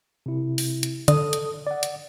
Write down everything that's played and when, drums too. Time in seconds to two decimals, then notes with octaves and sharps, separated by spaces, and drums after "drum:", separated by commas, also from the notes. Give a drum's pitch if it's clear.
0.26 C3 E4
0.58 drum: open hi-hat
0.83 drum: hi-hat
1.08 D3 A4 D#6, drum: hi-hat
1.33 drum: hi-hat
1.67 D5 F#5
1.83 drum: hi-hat